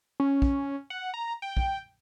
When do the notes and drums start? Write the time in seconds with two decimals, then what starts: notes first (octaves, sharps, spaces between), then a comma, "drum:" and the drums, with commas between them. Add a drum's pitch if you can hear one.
0.20 C#4
0.42 drum: kick
0.90 F#5
1.14 A#5
1.42 G5
1.57 drum: kick